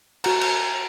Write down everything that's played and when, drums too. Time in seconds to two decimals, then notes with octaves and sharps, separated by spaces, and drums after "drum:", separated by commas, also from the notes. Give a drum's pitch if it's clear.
0.24 F#4 F#5 A#5, drum: cymbal
0.41 drum: cymbal